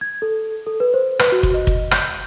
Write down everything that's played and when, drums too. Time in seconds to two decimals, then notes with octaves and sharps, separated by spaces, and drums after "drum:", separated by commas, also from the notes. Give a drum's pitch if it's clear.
0.01 G#6
0.22 A4
0.67 A4
0.80 B4
0.94 C5
1.19 B4, drum: rim click
1.32 F#4
1.43 drum: kick
1.54 D#5
1.67 drum: kick
1.91 G6, drum: rim click